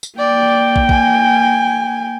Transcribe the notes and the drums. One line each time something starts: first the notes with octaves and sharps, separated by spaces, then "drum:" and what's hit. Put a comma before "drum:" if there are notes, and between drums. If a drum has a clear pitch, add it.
drum: tambourine
A#3 D5 G5
drum: kick
G#5, drum: kick